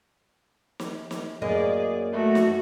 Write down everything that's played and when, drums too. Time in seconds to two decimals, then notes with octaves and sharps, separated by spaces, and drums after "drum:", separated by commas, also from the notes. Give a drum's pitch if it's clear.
0.80 drum: snare
1.11 drum: snare
1.42 F#2 A#3 G#4 D5 D#5
2.13 A3 F#4
2.35 drum: snare